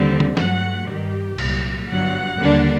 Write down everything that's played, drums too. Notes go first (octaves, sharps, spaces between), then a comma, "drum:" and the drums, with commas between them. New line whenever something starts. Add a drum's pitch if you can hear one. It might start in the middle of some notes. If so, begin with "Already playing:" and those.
Already playing: D#2 D3 G3 C4
drum: tom D3
G2 F#3 A3 F#5, drum: snare
G2 D#3 G3 G4
C2 A#2 F#3, drum: cymbal
G1 G2 F#3 F#5
D#2 D3 G3 A#3 D4